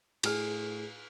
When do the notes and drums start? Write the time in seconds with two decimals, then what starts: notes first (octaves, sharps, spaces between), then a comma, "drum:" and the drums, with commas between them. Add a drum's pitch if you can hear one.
0.23 A2 G#4 F6, drum: cymbal